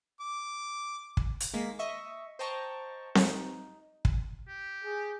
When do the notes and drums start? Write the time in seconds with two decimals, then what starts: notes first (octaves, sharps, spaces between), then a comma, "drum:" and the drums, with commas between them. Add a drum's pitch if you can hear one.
0.20 D6
1.17 drum: kick
1.40 drum: hi-hat
1.54 D#3 G#3 A#3 A6 B6
1.79 D#5 E5 C#6
2.39 C5 D#5 G5 A5 A#5 C#6
3.15 D#4, drum: snare C4
4.05 drum: kick
4.48 G4
4.84 G#4